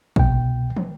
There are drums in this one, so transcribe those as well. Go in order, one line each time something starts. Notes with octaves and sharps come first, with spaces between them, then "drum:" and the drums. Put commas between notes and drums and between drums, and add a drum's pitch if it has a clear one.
C2 B2 G5, drum: kick
drum: tom